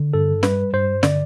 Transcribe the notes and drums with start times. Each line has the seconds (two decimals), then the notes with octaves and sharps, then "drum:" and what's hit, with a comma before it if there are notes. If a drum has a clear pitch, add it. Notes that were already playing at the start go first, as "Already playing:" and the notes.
Already playing: D3
0.14 G2 A4
0.43 G3 B4, drum: snare
0.73 G2 C5
1.03 D3 D5, drum: snare